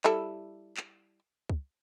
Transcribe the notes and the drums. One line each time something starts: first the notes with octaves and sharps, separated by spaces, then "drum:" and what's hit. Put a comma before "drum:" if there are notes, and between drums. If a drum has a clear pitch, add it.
G3 E4 A4, drum: clap
drum: clap
drum: kick